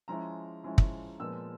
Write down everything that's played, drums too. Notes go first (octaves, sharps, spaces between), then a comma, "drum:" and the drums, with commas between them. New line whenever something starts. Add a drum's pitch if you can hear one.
F3 G#3 C#4 E4 A#5
F3 G#3 C#4 E4
drum: kick
A#2 F3 G#3 B3 E6